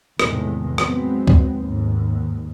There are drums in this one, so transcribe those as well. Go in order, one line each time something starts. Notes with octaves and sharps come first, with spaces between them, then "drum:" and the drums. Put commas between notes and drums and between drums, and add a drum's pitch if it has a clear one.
E2 A2 C3 D#3 G#3, drum: rim click
F#3 G#3 B3 C4, drum: rim click
drum: kick
D#2 G#2